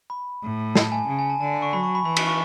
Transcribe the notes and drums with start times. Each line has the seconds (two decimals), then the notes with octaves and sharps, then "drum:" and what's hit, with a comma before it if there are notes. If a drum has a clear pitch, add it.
0.10 B5
0.43 A2
0.75 A5, drum: snare
0.92 G#5
1.07 C#3
1.19 G#5
1.30 A5
1.41 D3 A5
1.62 C#6
1.73 F#3 B5
1.83 C#6
1.95 B5
2.05 E3 B5
2.16 B5, drum: cymbal
2.27 C#6